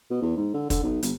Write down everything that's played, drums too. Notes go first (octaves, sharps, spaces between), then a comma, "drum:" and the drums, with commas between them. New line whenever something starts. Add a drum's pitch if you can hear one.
B2
E2
G#2
D3
D3, drum: kick, hi-hat
B1
G1, drum: hi-hat